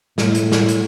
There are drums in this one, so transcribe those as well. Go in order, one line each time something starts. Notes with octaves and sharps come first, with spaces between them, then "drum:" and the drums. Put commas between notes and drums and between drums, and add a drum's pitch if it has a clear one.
A2, drum: snare
drum: hi-hat
drum: snare
drum: hi-hat